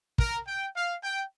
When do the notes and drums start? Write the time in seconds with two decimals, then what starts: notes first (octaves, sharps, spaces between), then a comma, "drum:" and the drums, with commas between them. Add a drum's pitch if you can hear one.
0.18 A#4, drum: kick
0.47 G5
0.75 F5
1.03 G5